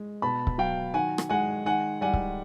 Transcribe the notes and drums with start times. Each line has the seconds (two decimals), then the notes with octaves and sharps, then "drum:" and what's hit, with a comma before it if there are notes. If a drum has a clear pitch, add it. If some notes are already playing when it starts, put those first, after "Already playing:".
Already playing: G#3
0.22 B2 A5 B5
0.47 drum: kick C#1
0.58 F#3 F5 G5
0.94 D#3 F#5 G#5
1.18 drum: rim click
1.30 G#3 F#5 G#5
1.66 D#3 F#5 G#5
2.01 G3 F#5 G#5
2.14 drum: kick C#1